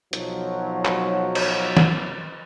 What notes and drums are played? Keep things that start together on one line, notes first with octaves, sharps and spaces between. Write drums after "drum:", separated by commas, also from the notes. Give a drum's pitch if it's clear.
B1 F3 F#3, drum: hi-hat
drum: clap
drum: cymbal
drum: snare